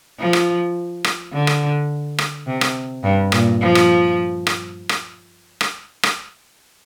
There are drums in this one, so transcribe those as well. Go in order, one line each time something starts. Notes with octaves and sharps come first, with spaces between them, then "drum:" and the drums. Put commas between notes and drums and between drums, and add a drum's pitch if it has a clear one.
F3
drum: rim click
drum: rim click
D3
drum: rim click
drum: rim click
C3
drum: rim click
G2
A#2, drum: rim click
F3
drum: rim click
drum: rim click
drum: rim click
drum: rim click
drum: rim click